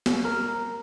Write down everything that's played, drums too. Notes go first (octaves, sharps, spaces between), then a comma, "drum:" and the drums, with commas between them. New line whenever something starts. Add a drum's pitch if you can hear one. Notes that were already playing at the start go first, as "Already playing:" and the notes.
drum: snare B3
A#4